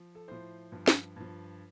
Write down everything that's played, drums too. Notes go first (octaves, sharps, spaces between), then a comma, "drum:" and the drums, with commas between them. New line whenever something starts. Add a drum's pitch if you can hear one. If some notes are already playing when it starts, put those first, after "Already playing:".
Already playing: F3
A4
A2 F3 C5
G2 F3
drum: snare
G2 F3